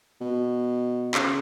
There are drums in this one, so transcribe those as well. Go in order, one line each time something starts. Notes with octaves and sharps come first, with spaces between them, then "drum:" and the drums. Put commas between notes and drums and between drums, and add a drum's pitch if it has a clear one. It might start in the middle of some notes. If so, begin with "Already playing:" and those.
B2
C#3, drum: clap